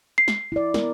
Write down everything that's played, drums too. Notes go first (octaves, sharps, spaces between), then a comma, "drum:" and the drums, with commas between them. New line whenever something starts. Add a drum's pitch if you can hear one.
C7
drum: snare
E4 D5
B3 A#4, drum: snare